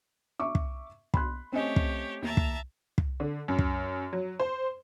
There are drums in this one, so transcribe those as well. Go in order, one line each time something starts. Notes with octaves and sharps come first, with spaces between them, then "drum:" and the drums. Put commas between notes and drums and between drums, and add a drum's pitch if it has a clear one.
E5 C#6 D6
drum: kick
B5 C6 F#6, drum: kick
A3 C4 C#4 G4 C#5 D#5
drum: kick
D#2 E5 A5 A#5
drum: kick
drum: kick
D3
F#2
drum: kick
F#3
C5